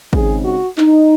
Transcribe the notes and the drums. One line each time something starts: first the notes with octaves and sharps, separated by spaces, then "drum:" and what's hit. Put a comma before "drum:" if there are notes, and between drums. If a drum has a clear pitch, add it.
C#3 G#3 C4 D#4 G#4, drum: kick
F#4
D#4, drum: clap